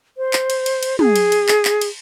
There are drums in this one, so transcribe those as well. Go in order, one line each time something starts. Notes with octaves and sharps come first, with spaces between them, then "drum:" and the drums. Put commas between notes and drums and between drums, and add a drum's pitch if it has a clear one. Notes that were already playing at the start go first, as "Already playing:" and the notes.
C5
drum: clap
drum: cymbal
drum: cymbal
drum: cymbal
G#4, drum: tom
drum: cymbal
drum: cymbal
drum: clap
drum: clap
drum: cymbal